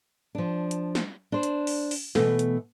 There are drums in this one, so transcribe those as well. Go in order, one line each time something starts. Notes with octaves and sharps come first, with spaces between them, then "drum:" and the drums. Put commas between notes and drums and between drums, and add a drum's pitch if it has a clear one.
F3 D4
drum: hi-hat
drum: snare
D4 C5
drum: hi-hat
drum: open hi-hat
drum: open hi-hat
B2 E3 A3, drum: snare
drum: hi-hat